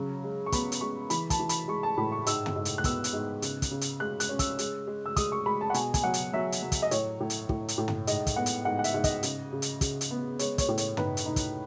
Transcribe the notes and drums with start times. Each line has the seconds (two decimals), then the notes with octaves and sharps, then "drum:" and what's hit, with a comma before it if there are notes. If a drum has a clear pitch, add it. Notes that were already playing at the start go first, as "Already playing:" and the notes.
Already playing: C#3 F#3
0.24 G#3
0.46 C#6
0.52 B3 B5, drum: kick, hi-hat
0.72 drum: hi-hat
0.81 G#3 C#6
1.10 E3 B5, drum: hi-hat
1.30 A5, drum: kick, hi-hat
1.39 E3
1.49 B5, drum: hi-hat
1.68 G#3 C#6
1.83 A5
1.97 A2 B5
2.12 C#6
2.26 G#2 E6, drum: hi-hat
2.46 drum: tom
2.56 G#2
2.65 drum: hi-hat
2.78 F#6
2.84 B3 E6, drum: kick, hi-hat
3.04 drum: hi-hat
3.13 G#2
3.42 C#3, drum: hi-hat
3.62 drum: kick, hi-hat
3.71 C#3
3.81 drum: hi-hat
4.00 G#3 F#6
4.20 F#6, drum: hi-hat
4.29 C#4
4.39 E6, drum: kick, hi-hat
4.59 G#3, drum: hi-hat
4.87 G#3
5.06 E6
5.16 G#3 D#6, drum: kick, hi-hat
5.32 C#6
5.46 G#3 B5
5.61 A5
5.70 F#5
5.74 B2 G#5, drum: hi-hat
5.94 G#5, drum: kick, hi-hat
6.03 F#3 F#5
6.14 drum: hi-hat
6.33 F#3 E5
6.52 drum: hi-hat
6.63 F#3
6.72 drum: kick, hi-hat
6.82 D#5
6.91 A2 C#5, drum: hi-hat
7.20 A2
7.30 drum: hi-hat
7.49 A2, drum: kick
7.68 drum: hi-hat
7.78 A2
7.88 drum: tom
8.07 G#2 D#5, drum: hi-hat
8.27 drum: kick, hi-hat
8.36 B3 F#5
8.46 drum: hi-hat
8.65 G#2 F#5
8.79 F#5
8.84 E5, drum: hi-hat
8.94 G#2
9.04 D#5, drum: kick, hi-hat
9.23 C#3, drum: hi-hat
9.53 C#3
9.62 drum: hi-hat
9.81 C#3, drum: kick, hi-hat
10.01 drum: hi-hat
10.11 B3
10.39 G#3 C#5, drum: hi-hat
10.58 C#5, drum: kick, hi-hat
10.68 A2
10.78 C#5, drum: hi-hat
10.97 D#4 B4, drum: tom
11.17 drum: hi-hat
11.26 D#4
11.36 drum: kick, hi-hat